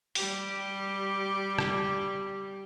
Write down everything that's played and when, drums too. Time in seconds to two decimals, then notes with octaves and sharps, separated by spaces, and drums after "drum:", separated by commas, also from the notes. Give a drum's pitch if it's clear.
0.15 G3 G4, drum: open hi-hat
1.58 drum: rim click